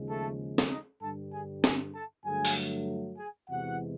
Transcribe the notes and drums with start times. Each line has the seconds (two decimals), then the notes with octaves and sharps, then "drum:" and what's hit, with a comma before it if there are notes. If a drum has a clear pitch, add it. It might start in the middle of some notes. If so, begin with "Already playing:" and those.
Already playing: D#2 C#3 F3 G#3
0.09 A3 A4
0.58 drum: snare
0.70 D#4 D#5
1.01 G2 D3 G3 A4 A5
1.33 G#4 G#5
1.64 G#4 G#5, drum: snare
1.94 A4 A5
2.25 G2 D3 F#3 A3 G#4 G#5
2.45 drum: open hi-hat
3.18 G#4 G#5
3.49 E2 C3 E3 G#3 F#4 F#5